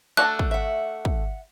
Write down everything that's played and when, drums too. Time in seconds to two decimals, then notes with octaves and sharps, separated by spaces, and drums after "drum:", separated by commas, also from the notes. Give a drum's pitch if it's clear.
0.17 A3 D4 F#4 F#6
0.39 drum: kick
0.51 E5 F#5
1.05 drum: kick